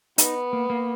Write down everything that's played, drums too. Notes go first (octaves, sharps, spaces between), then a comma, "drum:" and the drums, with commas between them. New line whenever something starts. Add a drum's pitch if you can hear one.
B3 D#4, drum: hi-hat
A#3
A#3